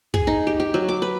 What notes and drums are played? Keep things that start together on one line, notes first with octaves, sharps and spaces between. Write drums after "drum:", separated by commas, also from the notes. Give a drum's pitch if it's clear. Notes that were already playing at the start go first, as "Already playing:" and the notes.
G#4, drum: kick
D#4
G4
G4
F#3
D6
B4